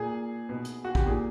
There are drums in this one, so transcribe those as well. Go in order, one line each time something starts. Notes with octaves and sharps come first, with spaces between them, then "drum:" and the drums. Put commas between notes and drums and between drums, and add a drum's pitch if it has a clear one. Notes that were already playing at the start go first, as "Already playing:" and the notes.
Already playing: A#2 G#4
B2
drum: hi-hat
F#4
G4, drum: kick
A#2 G#4